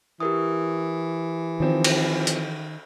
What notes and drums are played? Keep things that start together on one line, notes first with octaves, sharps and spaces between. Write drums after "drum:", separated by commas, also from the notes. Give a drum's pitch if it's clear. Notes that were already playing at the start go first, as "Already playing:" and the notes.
E3 G4 A#4 D#6
D#3 F3 C4
drum: cymbal
drum: hi-hat